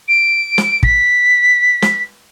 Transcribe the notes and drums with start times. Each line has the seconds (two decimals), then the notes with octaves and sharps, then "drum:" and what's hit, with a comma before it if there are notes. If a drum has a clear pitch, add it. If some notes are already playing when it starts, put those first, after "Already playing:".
0.08 D7
0.58 drum: snare
0.83 B6, drum: kick
1.82 drum: snare